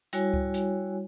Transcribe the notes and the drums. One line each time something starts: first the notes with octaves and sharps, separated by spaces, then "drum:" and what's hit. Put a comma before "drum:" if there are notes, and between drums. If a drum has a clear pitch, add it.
G3 E4 F#4 C#5 G#5, drum: hi-hat
drum: kick C#2
drum: hi-hat